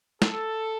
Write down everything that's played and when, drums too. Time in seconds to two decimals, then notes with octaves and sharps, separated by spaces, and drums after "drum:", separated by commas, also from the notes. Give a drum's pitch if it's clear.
0.22 A4, drum: snare